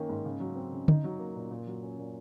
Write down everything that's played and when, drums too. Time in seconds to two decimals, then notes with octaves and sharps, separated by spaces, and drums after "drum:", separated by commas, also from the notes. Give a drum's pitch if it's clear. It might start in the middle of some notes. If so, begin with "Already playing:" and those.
Already playing: D#3 A#3 C#4
0.09 G#2
0.25 C#3
0.40 F#3
0.56 C4
0.72 C#3
0.88 D#4, drum: tom D3
1.04 F#3
1.19 A#3
1.35 A#2
1.51 A#2
1.67 F#3
1.83 C#4
1.98 A#2